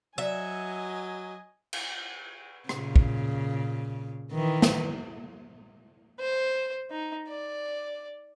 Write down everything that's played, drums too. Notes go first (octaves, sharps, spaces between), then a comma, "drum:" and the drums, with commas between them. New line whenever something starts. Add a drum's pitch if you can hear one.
F#3 D#5 E5 G#5
drum: cymbal
A#2 C#3, drum: rim click
drum: kick
D#3 E3
drum: snare
C5
D#4
D5